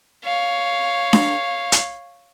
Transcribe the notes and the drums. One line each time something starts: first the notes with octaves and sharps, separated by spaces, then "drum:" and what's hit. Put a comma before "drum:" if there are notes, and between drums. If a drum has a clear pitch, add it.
C#5 F5
drum: snare D4
drum: hi-hat